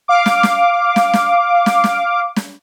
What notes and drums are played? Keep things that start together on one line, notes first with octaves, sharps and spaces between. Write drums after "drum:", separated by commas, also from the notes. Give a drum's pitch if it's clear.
F5 D6
drum: snare
drum: snare
drum: snare
drum: snare
drum: snare
drum: snare
drum: snare